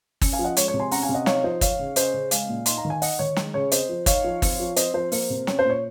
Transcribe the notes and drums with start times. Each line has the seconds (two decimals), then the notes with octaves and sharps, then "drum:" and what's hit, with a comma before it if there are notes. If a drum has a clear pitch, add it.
0.21 C#4, drum: kick, open hi-hat
0.33 F5 G#5
0.39 F3
0.44 D#5 F#5
0.57 G#3 C#5, drum: hi-hat
0.68 C#5
0.74 C3
0.80 G#5 C6
0.91 C#4 F#5 A#5, drum: open hi-hat
1.03 F5 G#5
1.09 C3
1.14 D#5 F#5
1.26 D#4 C#5 F5, drum: snare
1.44 F3 C5 D#5
1.61 D#4 C#5 F5, drum: kick, hi-hat
1.79 C#3
1.96 C#4 C5 D#5, drum: hi-hat
2.14 C#3
2.31 G#3 F5 G#5, drum: hi-hat
2.49 A#2
2.66 D#4 C6, drum: hi-hat
2.78 A#5
2.85 D#3
2.90 G#5
3.02 D#4 D#5 F#5, drum: open hi-hat
3.19 D#3 C#5
3.36 G#3, drum: snare
3.54 C#3 C#5
3.72 C4 C5 D#5, drum: hi-hat
3.89 F3
4.06 D#4 C#5 F5, drum: kick, hi-hat
4.24 F3
4.42 C4, drum: kick, open hi-hat
4.60 F3
4.76 C4 C5 D#5, drum: hi-hat
4.94 F3 C5
5.12 A#3 C5, drum: open hi-hat
5.30 C3
5.47 C#4 C#5, drum: snare
5.59 C5
5.65 A#2
5.70 C#5